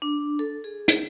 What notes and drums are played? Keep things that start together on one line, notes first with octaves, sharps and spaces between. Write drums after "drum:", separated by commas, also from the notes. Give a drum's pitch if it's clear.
D4
A4
G#4
drum: hi-hat